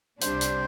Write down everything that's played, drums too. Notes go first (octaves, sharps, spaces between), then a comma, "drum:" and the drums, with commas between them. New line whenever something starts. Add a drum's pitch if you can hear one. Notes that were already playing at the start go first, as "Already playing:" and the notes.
C2 C3 G3 D4 C5, drum: hi-hat
drum: hi-hat